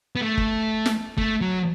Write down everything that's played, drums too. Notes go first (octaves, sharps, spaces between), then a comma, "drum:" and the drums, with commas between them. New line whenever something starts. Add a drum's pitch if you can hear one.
B3
A3
drum: kick
drum: snare
A3, drum: kick
F#3